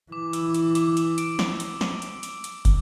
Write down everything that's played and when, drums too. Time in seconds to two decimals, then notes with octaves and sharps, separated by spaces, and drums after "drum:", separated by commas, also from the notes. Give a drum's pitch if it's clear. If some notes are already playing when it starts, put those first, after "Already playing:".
0.12 E3 D6
0.33 E6, drum: hi-hat
0.54 D6, drum: hi-hat
0.75 D6, drum: hi-hat
0.97 drum: hi-hat
1.18 D7, drum: hi-hat
1.39 drum: snare
1.60 drum: hi-hat
1.81 drum: snare
2.02 drum: hi-hat
2.23 drum: hi-hat
2.44 drum: hi-hat
2.65 drum: kick, hi-hat